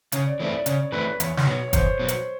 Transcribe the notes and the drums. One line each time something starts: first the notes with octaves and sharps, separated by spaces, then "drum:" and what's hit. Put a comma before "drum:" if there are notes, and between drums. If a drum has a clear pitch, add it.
C#3 C#5, drum: hi-hat
D5
E3 A3 C4 E4 D5
D5
C#3 C#5, drum: hi-hat
C#5
E3 A3 C4 E4 B4
B4
E2 C#5, drum: hi-hat
drum: snare
B2 F#3 C#5
C#5
E2 C5, drum: kick, hi-hat
B2 F#3
drum: hi-hat